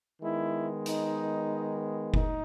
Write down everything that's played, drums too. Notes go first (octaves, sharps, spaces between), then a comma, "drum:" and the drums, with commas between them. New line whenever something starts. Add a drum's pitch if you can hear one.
D#3 G#3 B3 E4
D#4, drum: hi-hat
D#4, drum: kick F1